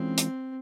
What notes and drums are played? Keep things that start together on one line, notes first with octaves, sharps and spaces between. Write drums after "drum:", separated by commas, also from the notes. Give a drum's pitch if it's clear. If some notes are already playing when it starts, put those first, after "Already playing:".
Already playing: E3 G#3 C4 C#4 F4 A#4
drum: hi-hat